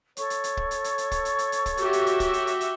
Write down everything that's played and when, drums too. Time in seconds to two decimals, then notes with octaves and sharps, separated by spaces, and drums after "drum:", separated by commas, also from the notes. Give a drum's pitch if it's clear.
0.17 A4 C#5 C#6, drum: hi-hat
0.30 drum: hi-hat
0.44 drum: hi-hat
0.57 drum: kick
0.71 drum: hi-hat
0.84 drum: hi-hat
0.98 drum: hi-hat
1.11 drum: kick, hi-hat
1.25 drum: hi-hat
1.39 drum: hi-hat
1.52 drum: hi-hat
1.66 drum: kick, hi-hat
1.77 F#4 G4 E5, drum: hi-hat
1.93 drum: hi-hat
2.06 drum: hi-hat
2.20 drum: kick, hi-hat
2.33 drum: hi-hat
2.47 drum: hi-hat
2.61 drum: hi-hat